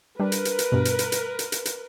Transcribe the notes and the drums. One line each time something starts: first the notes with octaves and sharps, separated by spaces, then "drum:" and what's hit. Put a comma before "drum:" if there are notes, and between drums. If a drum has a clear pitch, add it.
G3 D4 A#4 B4
drum: hi-hat
drum: hi-hat
drum: hi-hat
G2 B2
drum: hi-hat
drum: hi-hat
drum: hi-hat
drum: hi-hat
drum: hi-hat
drum: hi-hat